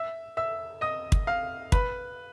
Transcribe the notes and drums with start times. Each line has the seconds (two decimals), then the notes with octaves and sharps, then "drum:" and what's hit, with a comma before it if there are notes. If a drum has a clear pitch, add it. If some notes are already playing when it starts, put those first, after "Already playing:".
Already playing: E5 E6
0.37 E5 E6
0.81 D#5 D#6
1.12 drum: kick
1.27 F5 F6
1.72 B4 B5, drum: kick